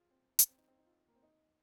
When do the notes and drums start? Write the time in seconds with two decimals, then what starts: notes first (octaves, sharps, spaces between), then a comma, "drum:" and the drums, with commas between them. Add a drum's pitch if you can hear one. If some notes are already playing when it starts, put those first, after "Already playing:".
Already playing: F4 G#4
0.11 C4
0.39 drum: hi-hat
0.48 C4
0.57 D#4
0.68 C4
0.78 D#4
0.85 F4
1.08 A#3
1.15 C4
1.22 D#4